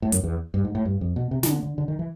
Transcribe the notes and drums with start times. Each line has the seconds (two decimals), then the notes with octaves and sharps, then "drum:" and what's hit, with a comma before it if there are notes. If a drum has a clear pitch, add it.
0.02 A2
0.12 F#2, drum: hi-hat
0.24 E2
0.54 G2
0.65 G#2
0.75 A2
0.85 G2
1.01 F2
1.16 B2
1.31 C3
1.43 D#3, drum: snare
1.47 D3
1.63 D3
1.78 D3
1.88 D#3
1.99 E3